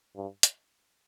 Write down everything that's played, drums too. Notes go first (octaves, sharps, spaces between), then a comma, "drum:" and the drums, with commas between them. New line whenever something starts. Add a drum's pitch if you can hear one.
G2
drum: hi-hat